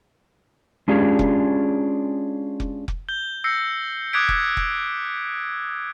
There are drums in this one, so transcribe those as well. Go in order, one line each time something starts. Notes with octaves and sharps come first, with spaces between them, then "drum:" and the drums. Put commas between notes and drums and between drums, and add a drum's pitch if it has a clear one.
G#3 C#4 D4 F4 G4 G#4
drum: kick F1
drum: kick F1
drum: kick F1
G6 G7
E6 G6 A#6 C7 C#7
D6 D#6 F#6 G#6 B6 D7
drum: kick F1
drum: kick F1